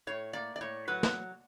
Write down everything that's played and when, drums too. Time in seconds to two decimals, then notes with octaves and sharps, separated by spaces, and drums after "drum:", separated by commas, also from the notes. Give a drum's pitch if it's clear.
0.07 A2 C#5
0.33 A#3 D5
0.56 D5
0.61 A2 C#5
0.88 F#3 B4
1.03 drum: snare